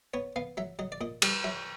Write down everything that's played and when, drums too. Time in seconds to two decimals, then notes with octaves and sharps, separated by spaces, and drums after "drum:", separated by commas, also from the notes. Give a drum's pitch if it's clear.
0.14 B3 C#5
0.36 B3 F5
0.57 F#3 E5
0.79 F#3 D#5
0.92 D5
1.01 A#2 D#5
1.22 G3, drum: cymbal
1.44 F#3 E5